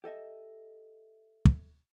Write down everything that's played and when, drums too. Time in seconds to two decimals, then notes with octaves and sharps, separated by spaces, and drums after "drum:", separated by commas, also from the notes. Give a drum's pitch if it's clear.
0.04 G4 A4 D#5 E5
1.45 drum: kick